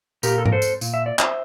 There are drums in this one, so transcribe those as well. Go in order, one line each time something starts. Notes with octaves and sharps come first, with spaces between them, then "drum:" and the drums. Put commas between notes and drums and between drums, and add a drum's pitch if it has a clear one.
A#2 G4 A#4, drum: tambourine
A4
A#4, drum: tom G#2
A4 C5
drum: tambourine
A#2, drum: tambourine
E5
D5
C5 E5, drum: clap